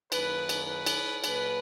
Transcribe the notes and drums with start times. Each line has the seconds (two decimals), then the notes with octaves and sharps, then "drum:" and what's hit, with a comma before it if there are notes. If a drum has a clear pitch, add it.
0.12 F#2 D#3 A#3 B4, drum: cymbal
0.49 drum: cymbal
0.68 B4
0.86 drum: cymbal
1.24 A#2 F#3 A#3 B4, drum: cymbal